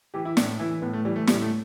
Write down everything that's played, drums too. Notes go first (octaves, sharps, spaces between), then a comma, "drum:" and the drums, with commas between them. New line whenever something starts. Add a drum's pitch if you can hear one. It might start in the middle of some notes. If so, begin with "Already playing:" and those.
E3 G4
E4
A2 D4, drum: snare
E3 E4
A2 B3
A3
E3 G3
A3
A2 G3, drum: snare
A3